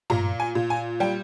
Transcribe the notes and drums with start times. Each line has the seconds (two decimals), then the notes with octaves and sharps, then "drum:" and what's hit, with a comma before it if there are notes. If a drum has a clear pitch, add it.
0.10 A#2 A#5, drum: tom G2
0.40 G#5
0.55 A#2
0.70 G#5
1.00 G3 G5